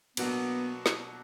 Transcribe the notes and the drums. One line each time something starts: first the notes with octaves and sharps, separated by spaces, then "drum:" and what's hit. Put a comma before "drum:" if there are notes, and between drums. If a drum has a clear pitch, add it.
B2 F#3 A#3 B3 D4 F#4, drum: cymbal
drum: snare